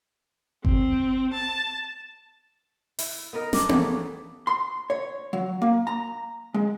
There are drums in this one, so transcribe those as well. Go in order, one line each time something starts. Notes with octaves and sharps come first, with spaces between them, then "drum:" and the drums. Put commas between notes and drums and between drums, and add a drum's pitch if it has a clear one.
C4, drum: kick G1
A5
E4, drum: open hi-hat
B3 D#4 A#4 D#5
D#3 D4 G4 A4, drum: snare
G3 A3 A#3 G#4, drum: tom B3
C6
C#5
F#3
A#3
A#5
G#3